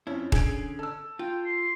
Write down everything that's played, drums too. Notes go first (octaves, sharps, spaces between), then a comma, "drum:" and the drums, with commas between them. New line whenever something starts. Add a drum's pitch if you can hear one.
F2 C#4 E4
D3 C#4 G#4 G#6 D7, drum: kick D#1
A4 E6
F4 G5
C6